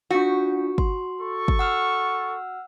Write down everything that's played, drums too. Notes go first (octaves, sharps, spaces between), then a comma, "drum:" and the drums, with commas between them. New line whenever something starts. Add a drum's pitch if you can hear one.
D4 F4 F#4
C6, drum: kick
A4 C#6
drum: kick
F#5 E6 F6